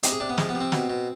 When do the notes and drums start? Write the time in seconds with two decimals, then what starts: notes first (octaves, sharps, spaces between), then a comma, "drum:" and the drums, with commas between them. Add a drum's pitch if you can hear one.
0.03 C3 D#4, drum: hi-hat
0.12 G#4
0.20 C3 D4
0.29 B3
0.38 F3 G#3, drum: snare
0.49 B3
0.55 C3
0.60 C4
0.72 B2, drum: snare
0.90 B2